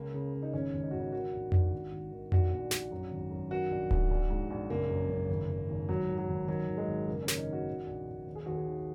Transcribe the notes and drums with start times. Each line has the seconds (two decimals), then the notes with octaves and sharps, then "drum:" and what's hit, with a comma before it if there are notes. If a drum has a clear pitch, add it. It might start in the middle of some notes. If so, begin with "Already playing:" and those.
Already playing: C#2 A#3
0.14 C#3
0.34 C#3
0.42 D#4
0.53 G#1 C#4
0.73 G#1
0.83 D#4
0.91 G#1 F#4
1.00 D#4
1.12 D#3 F#4
1.33 A#1
1.52 A#1, drum: tom F2
1.72 G#1
1.92 G#1
2.12 D#3
2.32 A#1 F#4, drum: tom F2
2.51 A#2
2.71 A#1, drum: snare
2.91 F#2
3.11 G#1
3.31 F#2
3.51 D#3 F#4
3.71 A#1
3.91 A#1, drum: kick D1
4.11 A#1
4.30 G#2
4.50 A#1
4.70 F#1 A#3
4.89 F#2
5.09 F#1
5.30 G#1
5.49 G#1
5.68 G#1
5.88 G#1 F#3
6.09 G#1
6.18 F#3
6.28 G#1
6.48 D#3 F#3
6.68 G#1
6.77 G#3
6.87 G#1
7.07 F#1 A#3
7.23 C#4
7.28 D#3, drum: snare
7.38 D#4
7.47 D#3
7.53 F#4
7.66 A#2
7.87 A#1
8.07 A#1
8.27 D#2
8.35 G#4
8.46 D#2 F#4
8.55 G#4
8.67 D#3